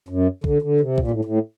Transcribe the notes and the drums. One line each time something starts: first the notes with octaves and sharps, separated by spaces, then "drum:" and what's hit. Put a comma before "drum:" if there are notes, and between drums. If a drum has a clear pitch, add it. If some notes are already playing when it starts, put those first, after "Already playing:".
F#2
D3, drum: kick B1
D3
C3
A#2, drum: kick B1
G2
A2
A2